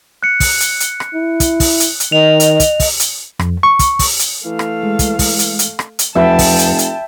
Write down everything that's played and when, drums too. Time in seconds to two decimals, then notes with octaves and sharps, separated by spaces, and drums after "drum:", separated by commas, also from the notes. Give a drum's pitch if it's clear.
0.23 F#6 C#7
0.40 drum: kick, open hi-hat
0.60 drum: hi-hat
0.80 drum: hi-hat
1.00 drum: rim click
1.14 E4
1.40 drum: kick, hi-hat
1.60 drum: kick, open hi-hat
1.80 drum: hi-hat
2.00 drum: hi-hat
2.12 D#3 D#5 F7
2.40 drum: hi-hat
2.60 drum: kick, hi-hat
2.80 drum: kick, open hi-hat
3.00 drum: hi-hat
3.39 F2, drum: rim click
3.63 C#6
3.79 drum: kick, hi-hat
3.99 drum: kick, open hi-hat
4.19 drum: hi-hat
4.45 E3 A3 F5
4.59 drum: rim click
4.83 G#3
4.99 drum: kick, hi-hat
5.19 drum: kick, open hi-hat
5.39 drum: hi-hat
5.59 drum: hi-hat
5.79 drum: rim click
5.99 drum: hi-hat
6.15 F1 E2 F3 B4 E5 G5 A5 B5
6.39 drum: kick, open hi-hat
6.59 drum: hi-hat
6.78 drum: hi-hat